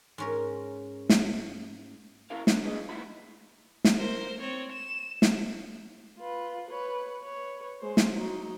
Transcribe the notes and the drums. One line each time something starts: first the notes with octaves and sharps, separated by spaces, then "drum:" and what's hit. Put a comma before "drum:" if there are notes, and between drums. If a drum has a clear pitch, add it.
G#2 C#4 A#4
drum: snare
B1 C#4 E4 F#4 A#4 F5
B3 D4, drum: snare
D4 G#4 B4 D#5
G2
G2 D#3 E4 F#4 B5
drum: snare
A#4 C5
C4 C#5
E7
drum: snare
F4 B4
B4 C#5
B4 C#5
G#3 C5
drum: snare
F#3 D#4